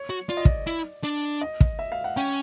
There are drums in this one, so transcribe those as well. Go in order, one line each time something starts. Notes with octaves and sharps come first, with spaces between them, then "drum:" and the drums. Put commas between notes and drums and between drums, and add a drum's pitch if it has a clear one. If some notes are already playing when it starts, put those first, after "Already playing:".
Already playing: C#5
F#4
F4 D5
D#5
D5, drum: kick
E4
D4
D#5
drum: kick
E5
F5
F#5
C#4 G5